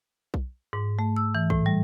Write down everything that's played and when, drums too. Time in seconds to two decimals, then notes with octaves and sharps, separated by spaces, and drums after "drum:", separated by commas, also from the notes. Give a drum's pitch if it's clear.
0.34 drum: kick B1
0.73 G#2
0.99 A3
1.17 E6
1.35 E3
1.50 A2, drum: kick B1
1.66 G3